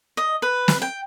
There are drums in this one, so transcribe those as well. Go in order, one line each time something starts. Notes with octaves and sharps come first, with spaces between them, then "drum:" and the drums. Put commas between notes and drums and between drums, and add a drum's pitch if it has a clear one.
D#5
B4
drum: snare
G5